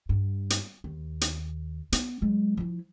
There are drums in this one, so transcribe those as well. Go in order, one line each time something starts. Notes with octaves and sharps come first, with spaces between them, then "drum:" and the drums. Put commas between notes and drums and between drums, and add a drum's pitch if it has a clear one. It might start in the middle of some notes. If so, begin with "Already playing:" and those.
G2
drum: hi-hat
D#2
drum: hi-hat
B3, drum: hi-hat
F#3 G#3
F3 E4